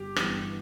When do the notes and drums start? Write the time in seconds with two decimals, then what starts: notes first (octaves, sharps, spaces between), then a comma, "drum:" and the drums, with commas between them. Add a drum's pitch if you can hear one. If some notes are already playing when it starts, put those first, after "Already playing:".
Already playing: G1 G4
0.16 G2 E3 B3, drum: rim click